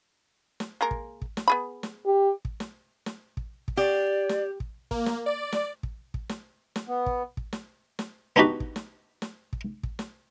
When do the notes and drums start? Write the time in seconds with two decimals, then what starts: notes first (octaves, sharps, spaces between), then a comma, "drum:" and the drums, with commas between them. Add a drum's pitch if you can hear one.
0.60 drum: snare
0.81 G#3 A#3 A#4
0.91 drum: kick
1.22 drum: kick
1.37 drum: snare
1.48 B3 G#4 B5
1.83 drum: snare
2.06 G4
2.45 drum: kick
2.60 drum: snare
3.06 drum: snare
3.37 drum: kick
3.68 drum: kick
3.77 G4 D5
4.29 drum: snare
4.60 drum: kick
4.91 A#3, drum: kick
5.06 drum: snare
5.26 D5
5.52 drum: snare
5.83 drum: kick
6.14 drum: kick
6.29 drum: snare
6.76 drum: snare
6.88 B3
7.06 drum: kick
7.37 drum: kick
7.53 drum: snare
7.99 drum: snare
8.36 B3 D4 D#4 F#4 G4 B4
8.60 drum: kick
8.76 drum: snare
9.22 drum: snare
9.53 drum: kick
9.83 drum: kick
9.99 drum: snare